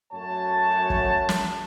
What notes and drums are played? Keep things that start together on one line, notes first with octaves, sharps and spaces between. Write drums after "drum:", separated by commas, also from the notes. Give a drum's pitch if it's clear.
F#2 A3 F#4 C#5 A5
drum: kick
drum: snare